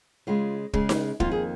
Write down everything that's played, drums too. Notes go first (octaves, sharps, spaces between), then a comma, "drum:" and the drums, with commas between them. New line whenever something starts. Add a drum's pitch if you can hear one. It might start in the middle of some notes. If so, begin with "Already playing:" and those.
C#3 G#3 F4
C#3 G#3, drum: kick
drum: snare D#4
F2 D#3 A#3 F4, drum: kick
G#4